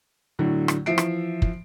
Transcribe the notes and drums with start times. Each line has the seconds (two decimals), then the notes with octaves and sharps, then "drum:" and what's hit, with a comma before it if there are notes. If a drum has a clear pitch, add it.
0.39 A2 D3 F#3
0.68 drum: rim click
0.86 E3 F3 E5 C7 D7
0.98 drum: rim click
1.42 drum: kick